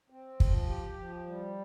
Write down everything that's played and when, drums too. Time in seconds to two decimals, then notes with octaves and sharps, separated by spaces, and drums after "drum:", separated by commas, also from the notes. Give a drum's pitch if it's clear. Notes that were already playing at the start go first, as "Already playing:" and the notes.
0.10 C4
0.40 F3, drum: kick
0.68 G4
0.99 F3
1.27 G3